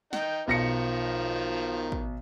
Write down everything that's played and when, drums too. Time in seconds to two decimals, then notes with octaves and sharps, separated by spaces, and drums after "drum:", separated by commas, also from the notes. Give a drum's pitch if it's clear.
0.13 D#4 G5, drum: snare
0.47 B1 D#3 F3 A#6 C#7
1.92 drum: kick